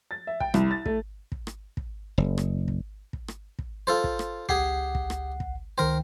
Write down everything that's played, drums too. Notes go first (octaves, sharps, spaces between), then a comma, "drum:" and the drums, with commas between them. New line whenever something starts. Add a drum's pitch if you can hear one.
A6
E5
G5, drum: kick
C2, drum: rim click
A6
A3, drum: kick
drum: kick
drum: rim click
drum: kick
F#1
drum: rim click
drum: kick
drum: kick
drum: rim click
drum: kick
F4 A4 C5
drum: kick
drum: rim click
C#2 G4 G#4 F#5 C7, drum: kick
drum: kick
drum: rim click
drum: kick
C#2 D#3 A#4 C5 G5